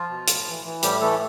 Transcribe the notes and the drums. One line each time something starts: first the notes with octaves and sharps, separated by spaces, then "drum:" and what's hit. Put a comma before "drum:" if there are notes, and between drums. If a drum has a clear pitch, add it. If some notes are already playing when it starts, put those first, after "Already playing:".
Already playing: F3 F4
B2
A2, drum: hi-hat
E3
E3
A2 G3 G4, drum: hi-hat
E3 A3 A4